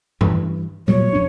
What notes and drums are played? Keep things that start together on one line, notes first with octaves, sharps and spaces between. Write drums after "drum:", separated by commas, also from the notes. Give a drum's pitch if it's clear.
G2 E3, drum: tom G2
A#2 F#3 G3 C#5
F2 C#4 D4